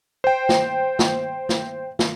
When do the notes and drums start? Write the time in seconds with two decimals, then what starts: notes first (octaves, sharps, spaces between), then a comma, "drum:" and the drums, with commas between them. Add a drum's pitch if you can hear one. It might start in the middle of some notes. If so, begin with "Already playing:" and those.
0.24 C5 G5
0.49 drum: snare
0.99 drum: snare
1.49 drum: snare
1.99 drum: snare